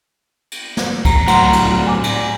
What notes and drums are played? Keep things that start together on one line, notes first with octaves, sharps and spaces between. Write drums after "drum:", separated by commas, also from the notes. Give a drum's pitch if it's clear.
drum: cymbal
drum: snare
A#5, drum: kick C2, cymbal
A2 F#3 F#5 A#5 C6, drum: cymbal
drum: cymbal
G#5 D6
drum: cymbal